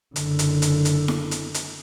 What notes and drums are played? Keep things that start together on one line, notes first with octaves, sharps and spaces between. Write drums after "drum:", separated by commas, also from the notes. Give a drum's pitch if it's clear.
F#1 D3, drum: hi-hat
drum: hi-hat
drum: hi-hat
drum: hi-hat
drum: snare E4
drum: hi-hat
drum: hi-hat